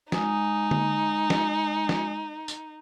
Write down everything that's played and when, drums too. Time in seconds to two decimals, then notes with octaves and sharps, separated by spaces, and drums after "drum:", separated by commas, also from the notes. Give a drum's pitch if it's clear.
0.12 G#3 D#4 G#5 D#6, drum: snare
0.71 drum: tom D3
1.30 drum: snare
1.89 drum: snare
2.48 drum: tambourine